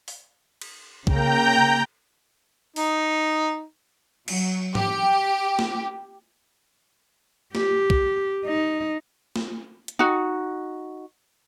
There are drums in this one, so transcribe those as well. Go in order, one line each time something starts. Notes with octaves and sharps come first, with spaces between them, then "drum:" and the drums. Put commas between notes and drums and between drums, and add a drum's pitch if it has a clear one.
drum: open hi-hat
drum: cymbal
C#3 A#3 G5 A#5 G6, drum: kick
D#4, drum: open hi-hat
F#3, drum: cymbal
G4, drum: tom
drum: snare
G4, drum: snare
drum: kick
D#4
drum: snare
drum: hi-hat
D#4 F#4